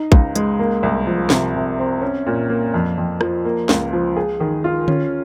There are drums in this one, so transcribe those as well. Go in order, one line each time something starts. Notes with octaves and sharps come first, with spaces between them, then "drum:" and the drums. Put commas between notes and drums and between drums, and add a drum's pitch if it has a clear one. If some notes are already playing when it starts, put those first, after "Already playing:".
Already playing: D#4
C#2, drum: kick A1
G#3, drum: hi-hat
A#3
C2
F3
C3, drum: snare
C3
C4
C#4
A#2
A#3
F2
F2
F3, drum: rim click
A#3
C#2, drum: snare
F3
G#4
D#3
F4
C#4, drum: tom D3